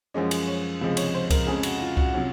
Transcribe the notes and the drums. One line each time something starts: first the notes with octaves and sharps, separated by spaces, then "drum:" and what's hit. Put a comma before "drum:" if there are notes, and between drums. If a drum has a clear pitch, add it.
F#2 F3 G#3 C#4 D#5
drum: cymbal
C#5
C#2 C3 F3 G#3
C#5, drum: cymbal
C5
A#4, drum: kick C2, cymbal
F2 C#3 G#3 C#4 G#4
F#4, drum: cymbal
F4
F#4, drum: kick C2
C3 F#3 C#4 F4